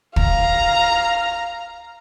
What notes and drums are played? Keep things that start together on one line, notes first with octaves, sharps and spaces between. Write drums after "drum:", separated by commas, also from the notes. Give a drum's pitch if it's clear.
F5 A#5, drum: kick